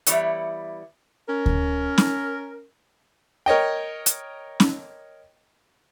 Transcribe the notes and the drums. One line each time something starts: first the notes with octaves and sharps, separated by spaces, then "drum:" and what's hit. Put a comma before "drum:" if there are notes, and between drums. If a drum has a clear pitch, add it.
E3 G3 B3 E4 C#5 D5, drum: hi-hat
C#4 A#4
drum: kick D2
drum: snare
A#4 C#5 D#5 G5
drum: hi-hat
drum: snare